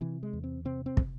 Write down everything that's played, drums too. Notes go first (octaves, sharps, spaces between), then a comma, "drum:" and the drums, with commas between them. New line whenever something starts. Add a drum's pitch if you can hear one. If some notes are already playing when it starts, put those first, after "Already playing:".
C3 E3
G#3
E2
C4
C3 C4
C4
drum: kick